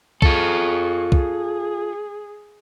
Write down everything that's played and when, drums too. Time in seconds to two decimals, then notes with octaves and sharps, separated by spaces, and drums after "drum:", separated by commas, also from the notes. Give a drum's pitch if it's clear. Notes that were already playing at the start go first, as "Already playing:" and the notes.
0.22 F4 G#4 A4 C#6, drum: kick
1.12 G#4, drum: kick